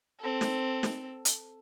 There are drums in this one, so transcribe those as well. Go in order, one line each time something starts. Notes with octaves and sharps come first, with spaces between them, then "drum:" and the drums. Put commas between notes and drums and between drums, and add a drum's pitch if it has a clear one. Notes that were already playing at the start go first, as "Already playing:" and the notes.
C4 A4
drum: snare
drum: snare
drum: hi-hat